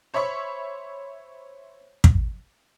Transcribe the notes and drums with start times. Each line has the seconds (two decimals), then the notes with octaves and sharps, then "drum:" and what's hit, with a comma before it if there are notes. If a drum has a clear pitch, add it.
0.14 C5 C#5 E5 B5 C#6
2.04 drum: kick